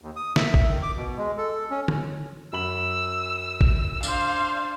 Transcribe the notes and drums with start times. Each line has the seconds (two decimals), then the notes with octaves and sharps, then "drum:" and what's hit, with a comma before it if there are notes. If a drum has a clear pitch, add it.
0.02 D#2
0.16 D#6
0.36 E5, drum: snare
0.54 drum: kick G#1
0.68 D#3
0.83 D6
0.97 B2
1.17 G#3
1.38 A4
1.70 C#4
1.88 drum: tom D3
2.53 F#2 B5 E6 F#7
3.61 drum: kick G#1
4.03 D4 C5 F5, drum: tambourine